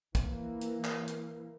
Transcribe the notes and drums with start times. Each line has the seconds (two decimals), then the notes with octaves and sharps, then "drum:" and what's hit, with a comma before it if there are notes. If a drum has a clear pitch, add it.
0.15 E3 A#3, drum: kick, hi-hat
0.61 drum: hi-hat
0.84 drum: clap
1.08 drum: hi-hat